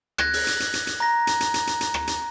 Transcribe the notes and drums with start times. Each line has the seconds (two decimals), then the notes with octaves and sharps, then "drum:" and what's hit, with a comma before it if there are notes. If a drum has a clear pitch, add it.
0.18 F#6 G#6 A#6, drum: rim click
0.33 drum: open hi-hat
0.47 drum: hi-hat
0.60 drum: hi-hat
0.74 drum: hi-hat
0.87 drum: hi-hat
1.00 A#5 A#6
1.27 drum: hi-hat
1.40 drum: hi-hat
1.54 drum: hi-hat
1.67 drum: hi-hat
1.81 drum: hi-hat
1.94 drum: rim click
2.07 drum: hi-hat